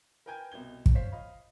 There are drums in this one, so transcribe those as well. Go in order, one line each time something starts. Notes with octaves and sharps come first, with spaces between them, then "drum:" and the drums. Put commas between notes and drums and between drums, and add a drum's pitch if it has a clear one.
A#4 B4 G5 G#5 G6 G#6
C2 B2 G#6 G7
drum: kick
C5 C#5 F5 B6 C7
D#5 F5 B5